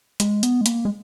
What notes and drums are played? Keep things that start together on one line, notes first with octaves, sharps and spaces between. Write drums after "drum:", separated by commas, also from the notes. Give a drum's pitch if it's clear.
G#3, drum: hi-hat
B3, drum: hi-hat
G#3
A#3, drum: hi-hat
G#3